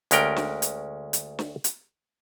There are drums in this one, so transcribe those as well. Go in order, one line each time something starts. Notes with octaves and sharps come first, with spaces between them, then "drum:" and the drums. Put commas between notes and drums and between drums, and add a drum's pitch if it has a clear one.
D2 G#3 C#4 A#4 G5, drum: hi-hat
drum: snare
drum: hi-hat
drum: hi-hat
drum: snare
drum: hi-hat